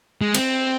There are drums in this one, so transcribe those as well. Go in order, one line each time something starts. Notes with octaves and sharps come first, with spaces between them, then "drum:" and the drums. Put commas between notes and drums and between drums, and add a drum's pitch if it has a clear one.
G#3
C4, drum: cymbal